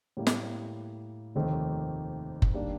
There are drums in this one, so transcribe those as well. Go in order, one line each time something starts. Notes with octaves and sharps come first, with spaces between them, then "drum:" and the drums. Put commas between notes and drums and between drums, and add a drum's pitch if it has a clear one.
A2 G3 A#3
drum: snare
F1 D#2 D#3 A3 C4
drum: kick F#1
D#3 G3 A#3 D4